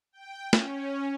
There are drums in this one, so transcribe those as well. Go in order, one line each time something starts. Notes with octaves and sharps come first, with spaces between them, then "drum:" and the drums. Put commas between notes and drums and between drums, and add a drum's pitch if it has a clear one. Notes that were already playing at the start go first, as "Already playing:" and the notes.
G5
C#4, drum: snare